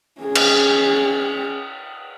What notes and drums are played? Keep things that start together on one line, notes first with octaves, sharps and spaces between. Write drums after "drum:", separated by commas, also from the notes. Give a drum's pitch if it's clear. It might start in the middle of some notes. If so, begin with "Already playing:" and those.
C#4 G#4
drum: cymbal